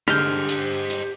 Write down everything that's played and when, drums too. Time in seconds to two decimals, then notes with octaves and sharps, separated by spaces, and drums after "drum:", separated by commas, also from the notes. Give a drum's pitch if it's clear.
0.08 D3 G#3 G4 C5 D#5 F6 G6, drum: rim click
0.49 drum: hi-hat
0.90 drum: hi-hat